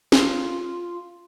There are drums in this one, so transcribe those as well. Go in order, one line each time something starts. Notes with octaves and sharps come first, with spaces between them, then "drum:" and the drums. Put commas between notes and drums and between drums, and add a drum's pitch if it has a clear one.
F4, drum: snare